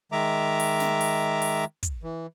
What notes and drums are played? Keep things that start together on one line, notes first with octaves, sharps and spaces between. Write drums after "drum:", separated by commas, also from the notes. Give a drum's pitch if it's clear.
D#3 G#3 E5 A#5 D6
drum: open hi-hat
drum: snare
drum: open hi-hat
drum: open hi-hat
drum: kick, hi-hat
E3